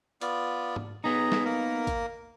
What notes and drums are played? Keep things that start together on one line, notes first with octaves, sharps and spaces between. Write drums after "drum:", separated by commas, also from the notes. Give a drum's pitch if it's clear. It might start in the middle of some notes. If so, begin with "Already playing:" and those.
B3 F4 D5, drum: hi-hat
drum: tom G#2
B3 D#4 G#4 A#5
drum: snare
A#3 A#4
drum: kick, hi-hat